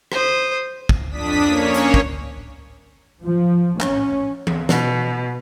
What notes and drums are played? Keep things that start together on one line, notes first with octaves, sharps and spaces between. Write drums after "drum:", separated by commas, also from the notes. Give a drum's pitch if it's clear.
C5 D#6, drum: rim click
drum: kick
F2 D4 D#6 B6
A#3 C#4 C#5
drum: hi-hat
drum: kick
F3
C#4, drum: clap
drum: tom E3
B2, drum: snare